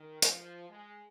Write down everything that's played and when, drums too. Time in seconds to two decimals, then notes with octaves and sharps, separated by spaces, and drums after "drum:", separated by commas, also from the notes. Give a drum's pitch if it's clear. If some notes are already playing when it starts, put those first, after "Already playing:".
Already playing: D#3
0.22 F3, drum: hi-hat
0.69 G#3